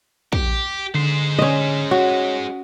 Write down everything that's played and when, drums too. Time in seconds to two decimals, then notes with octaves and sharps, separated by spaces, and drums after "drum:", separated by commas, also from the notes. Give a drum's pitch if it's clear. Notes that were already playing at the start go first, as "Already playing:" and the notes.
0.33 G4, drum: kick
0.95 D3 G#3 C5 C7
1.39 C#4 D#5
1.91 F#4 C#5